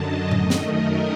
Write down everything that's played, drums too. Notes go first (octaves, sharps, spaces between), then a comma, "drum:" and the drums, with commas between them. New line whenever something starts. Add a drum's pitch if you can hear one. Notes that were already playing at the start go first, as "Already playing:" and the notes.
Already playing: F#2 D3 F#3 D#5 A5
F#2 D#3 A3 D#5, drum: tom A2
drum: snare
A#4